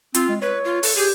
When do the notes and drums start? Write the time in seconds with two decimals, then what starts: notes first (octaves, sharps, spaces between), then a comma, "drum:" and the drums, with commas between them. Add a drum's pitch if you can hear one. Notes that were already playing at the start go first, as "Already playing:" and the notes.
0.14 C4 F4, drum: hi-hat
0.29 G#3
0.42 B4 C#5
0.65 F4
0.83 A4, drum: open hi-hat
0.96 G4 G#4